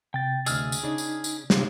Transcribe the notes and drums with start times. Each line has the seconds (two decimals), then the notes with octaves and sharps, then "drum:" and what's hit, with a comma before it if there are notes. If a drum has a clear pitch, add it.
0.14 C3 G5 A6
0.46 D2 G#4 D#5 E6 F6, drum: tambourine
0.72 drum: tambourine
0.83 C#3 D4 D#4
0.98 drum: tambourine
1.24 drum: tambourine
1.50 C3 C#4 F4, drum: snare